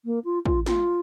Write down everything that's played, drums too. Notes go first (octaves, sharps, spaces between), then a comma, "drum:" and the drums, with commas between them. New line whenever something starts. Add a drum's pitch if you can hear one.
A#3
F4
F4, drum: kick
F4, drum: snare